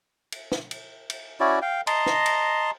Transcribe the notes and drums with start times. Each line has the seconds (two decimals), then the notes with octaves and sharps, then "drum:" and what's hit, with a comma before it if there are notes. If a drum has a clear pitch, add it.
0.32 drum: cymbal
0.52 drum: snare
0.71 drum: cymbal
1.10 drum: cymbal
1.40 C#4 E4 F#4 D5
1.62 F5 G5
1.87 D#5 A5 A#5 C6, drum: cymbal
2.06 drum: snare
2.26 drum: cymbal